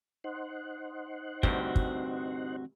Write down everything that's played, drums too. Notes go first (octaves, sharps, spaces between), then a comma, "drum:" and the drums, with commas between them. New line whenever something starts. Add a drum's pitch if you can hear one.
D#4 C5 F#5
D2 G2 C3 C4 F#4 G5, drum: kick
drum: kick